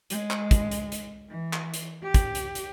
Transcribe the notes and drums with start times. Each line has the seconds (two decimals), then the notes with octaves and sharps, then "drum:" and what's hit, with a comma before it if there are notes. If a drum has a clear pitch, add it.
0.10 G#3, drum: hi-hat
0.31 drum: clap
0.51 drum: kick, hi-hat
0.71 drum: hi-hat
0.92 drum: hi-hat
1.29 E3
1.53 drum: clap
1.74 drum: hi-hat
2.03 G4
2.14 drum: kick, hi-hat
2.35 drum: hi-hat
2.55 drum: hi-hat